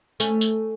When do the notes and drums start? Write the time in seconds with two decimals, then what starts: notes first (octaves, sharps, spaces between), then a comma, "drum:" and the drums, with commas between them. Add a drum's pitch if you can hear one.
0.20 A3 C#4, drum: tambourine
0.41 drum: tambourine